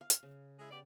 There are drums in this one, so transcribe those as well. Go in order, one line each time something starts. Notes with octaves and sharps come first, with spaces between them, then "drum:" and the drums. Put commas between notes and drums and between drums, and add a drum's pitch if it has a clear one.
F5
drum: hi-hat
C#3
G#3 E4 G#4
B3 G4 D5